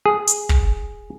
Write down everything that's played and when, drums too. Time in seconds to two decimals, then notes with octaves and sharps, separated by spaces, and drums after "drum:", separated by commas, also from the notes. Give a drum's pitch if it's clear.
0.06 G#4
0.27 drum: hi-hat
0.49 drum: kick